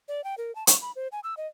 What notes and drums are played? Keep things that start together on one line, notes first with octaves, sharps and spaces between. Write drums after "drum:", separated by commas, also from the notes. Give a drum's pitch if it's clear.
D5
G5
A#4
A5
C#6, drum: hi-hat
B5
C5
G#5
E6
D#5